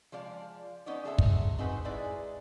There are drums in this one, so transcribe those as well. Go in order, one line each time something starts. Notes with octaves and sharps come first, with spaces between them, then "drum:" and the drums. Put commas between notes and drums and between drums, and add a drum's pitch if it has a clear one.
F3 G#3 D5 F5
B3 C#4 D#4 D5
F#3 G#4 A4 C5 C#5 E5
drum: kick
C4 D#4 F#4 G#4 B4 C5
G#3 D#4 E4 G#4 B4 D5